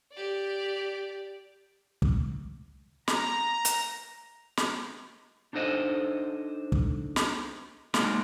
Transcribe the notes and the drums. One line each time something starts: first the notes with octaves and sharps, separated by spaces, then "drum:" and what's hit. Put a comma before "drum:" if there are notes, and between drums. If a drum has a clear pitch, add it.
G4 D5
drum: kick
A#5, drum: snare
drum: hi-hat
drum: snare
D4 D#4 A4 C5 D#5
drum: kick
drum: snare
G#3 A#3 D#4 A#4 C6, drum: snare